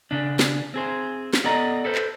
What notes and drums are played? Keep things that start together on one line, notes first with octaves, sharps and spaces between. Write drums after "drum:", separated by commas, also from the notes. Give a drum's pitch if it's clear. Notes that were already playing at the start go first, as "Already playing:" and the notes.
C#3 D4
drum: snare
C4 G#4 C5
drum: snare
B3 A4 D5 D#5 A#5
A4 B4 C5
drum: clap